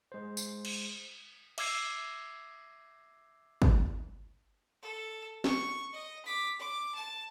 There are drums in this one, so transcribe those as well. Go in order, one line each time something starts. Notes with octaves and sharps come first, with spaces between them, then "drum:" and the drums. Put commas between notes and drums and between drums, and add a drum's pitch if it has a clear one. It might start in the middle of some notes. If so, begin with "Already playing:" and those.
G#3 C5
drum: tambourine
drum: cymbal
E5 D6 E6 G#6 C7, drum: cymbal
drum: kick
A4
C#6, drum: snare
D#5
D6 B6
D6
A5